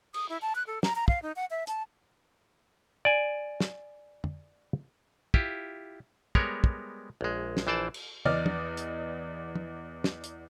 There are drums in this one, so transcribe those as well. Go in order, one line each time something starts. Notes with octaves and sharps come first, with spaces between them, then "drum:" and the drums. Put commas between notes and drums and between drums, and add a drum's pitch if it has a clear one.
D#6, drum: cymbal
E4
A5
F#6
A4
A#5, drum: snare
A#5
F5, drum: kick
D#4
F#5
E5
A5, drum: hi-hat
D5 G#5
drum: snare
drum: tom
E4 F4 G4, drum: kick
G3 G#3 B3 A#4 C#5, drum: kick
drum: kick
A#1 G#3
drum: snare
A#1 E3 C5 D5 A5
drum: cymbal
E2 D5 D#5 F6, drum: tom
drum: tom
drum: hi-hat
drum: tom
drum: snare
drum: hi-hat